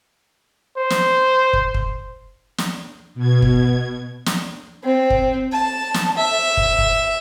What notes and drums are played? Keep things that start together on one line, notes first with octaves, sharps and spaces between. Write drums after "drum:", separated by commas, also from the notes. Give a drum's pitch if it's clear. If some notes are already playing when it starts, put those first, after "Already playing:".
C5
drum: snare
drum: kick
drum: kick
drum: snare
B2 G#6
drum: kick
drum: snare
C4
drum: kick
A5
drum: snare
E5
drum: kick
drum: kick